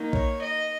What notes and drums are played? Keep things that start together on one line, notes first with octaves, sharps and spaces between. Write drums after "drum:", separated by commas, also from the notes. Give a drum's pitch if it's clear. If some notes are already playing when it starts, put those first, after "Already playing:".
Already playing: D#3 A#3 D#4
C#5, drum: kick A#1
D#5